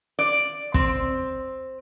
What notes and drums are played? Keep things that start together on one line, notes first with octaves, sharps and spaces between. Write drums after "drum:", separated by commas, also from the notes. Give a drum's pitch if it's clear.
D5
C4, drum: kick